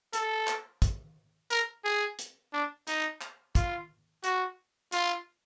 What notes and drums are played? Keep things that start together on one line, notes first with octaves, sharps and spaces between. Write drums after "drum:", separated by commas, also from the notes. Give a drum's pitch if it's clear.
A4, drum: hi-hat
drum: clap
drum: kick, hi-hat
A#4, drum: hi-hat
G#4
drum: hi-hat
D4
D#4, drum: hi-hat
drum: clap
F4, drum: kick, hi-hat
F#4, drum: hi-hat
F4, drum: hi-hat